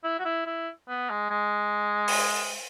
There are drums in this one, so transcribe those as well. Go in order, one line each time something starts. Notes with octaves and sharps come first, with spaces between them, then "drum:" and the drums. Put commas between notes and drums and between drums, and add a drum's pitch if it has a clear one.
E4
F#4
E4
E4
B3
G#3
G#3
drum: open hi-hat